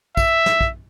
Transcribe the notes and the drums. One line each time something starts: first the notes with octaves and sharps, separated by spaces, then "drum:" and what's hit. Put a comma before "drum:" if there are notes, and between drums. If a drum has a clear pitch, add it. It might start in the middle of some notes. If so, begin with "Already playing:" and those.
E5, drum: kick, tambourine
drum: snare
drum: kick